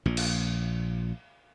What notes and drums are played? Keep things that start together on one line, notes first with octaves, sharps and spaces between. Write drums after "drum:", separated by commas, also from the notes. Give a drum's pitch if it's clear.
A#1 A#2
drum: cymbal